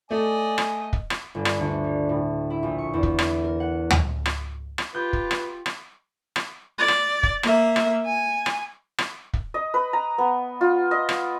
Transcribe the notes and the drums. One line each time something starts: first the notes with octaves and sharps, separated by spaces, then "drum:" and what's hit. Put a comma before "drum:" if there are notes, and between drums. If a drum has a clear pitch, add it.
A3 D5 D#5 G#5
drum: rim click
drum: kick
drum: rim click
G1
drum: rim click
D2
G3
A2
E4
A#1
C#6
E2
drum: kick
D7, drum: rim click
A#4
F#5
drum: tom D2
drum: rim click
drum: rim click
F4 G4 B4 G6
drum: kick
drum: rim click
drum: rim click
drum: rim click
D5
drum: rim click
drum: kick
A#3 E5, drum: rim click
drum: rim click
G#5
drum: rim click
drum: rim click
drum: kick
D#5
B4
A#5
B3
F4
D#5
drum: rim click